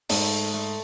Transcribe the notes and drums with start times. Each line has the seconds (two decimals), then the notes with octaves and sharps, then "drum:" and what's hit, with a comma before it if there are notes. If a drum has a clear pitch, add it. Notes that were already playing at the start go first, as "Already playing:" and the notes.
0.09 G#2 A3, drum: open hi-hat
0.54 A3